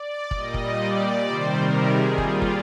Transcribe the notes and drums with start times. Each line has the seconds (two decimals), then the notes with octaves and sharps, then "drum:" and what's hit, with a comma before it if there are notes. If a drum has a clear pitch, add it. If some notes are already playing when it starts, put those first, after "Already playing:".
Already playing: D5
0.31 A#2 G3 D#5, drum: kick
0.54 drum: kick
0.78 D5
1.24 C3 D#3 G3 C5
1.56 A#4
1.87 G#4
2.18 A#2 G3 F4, drum: kick
2.42 drum: kick